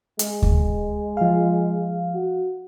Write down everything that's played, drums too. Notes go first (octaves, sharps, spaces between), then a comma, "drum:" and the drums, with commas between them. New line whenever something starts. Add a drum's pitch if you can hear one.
G#3, drum: hi-hat
drum: kick D2
F3 F5
F#4